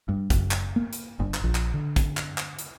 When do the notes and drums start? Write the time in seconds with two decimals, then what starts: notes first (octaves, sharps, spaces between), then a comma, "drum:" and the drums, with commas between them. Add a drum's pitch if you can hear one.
0.09 G2
0.30 F#1, drum: kick, hi-hat
0.51 drum: clap
0.76 A#3
0.93 drum: hi-hat
1.20 G1
1.34 drum: clap
1.44 A#1
1.55 drum: clap
1.74 D3
1.96 drum: kick, hi-hat
2.17 drum: clap
2.38 drum: clap
2.59 drum: hi-hat